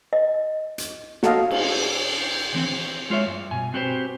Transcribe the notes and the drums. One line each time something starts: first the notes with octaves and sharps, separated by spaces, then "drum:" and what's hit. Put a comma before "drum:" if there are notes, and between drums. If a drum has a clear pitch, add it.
D#5
drum: hi-hat
F#4 A4 D#5 F5, drum: snare
drum: cymbal
D3 E3 C4
C5
G#3 F4 C#5 E5
G2
B2 G#5
C4 F#4 G4 B4 C5